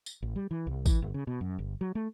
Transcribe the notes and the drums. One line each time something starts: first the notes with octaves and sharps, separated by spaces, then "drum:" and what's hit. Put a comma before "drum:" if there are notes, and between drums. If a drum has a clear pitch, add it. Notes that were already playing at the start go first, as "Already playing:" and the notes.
drum: tambourine
A1
G3
E3
C2
E3, drum: kick, tambourine
G1
C#3
B2
F#2
G1
F#3
A3